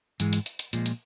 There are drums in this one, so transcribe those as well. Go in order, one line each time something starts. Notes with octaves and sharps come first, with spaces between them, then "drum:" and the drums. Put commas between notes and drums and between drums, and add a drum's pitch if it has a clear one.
G#2 E3 G#3, drum: hi-hat
drum: hi-hat
drum: hi-hat
drum: hi-hat
A#2 F3 G#3, drum: hi-hat
drum: hi-hat